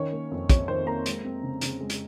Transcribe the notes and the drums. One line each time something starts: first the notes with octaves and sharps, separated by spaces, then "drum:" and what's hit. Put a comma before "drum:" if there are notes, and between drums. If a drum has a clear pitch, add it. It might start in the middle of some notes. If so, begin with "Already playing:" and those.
Already playing: D#3 C#4 C#5
A#3
F2
F2 C#5, drum: kick, hi-hat
D#3 C5
A#3 A#5
G#3, drum: hi-hat
C4
C#3
C#3, drum: hi-hat
G#3
drum: hi-hat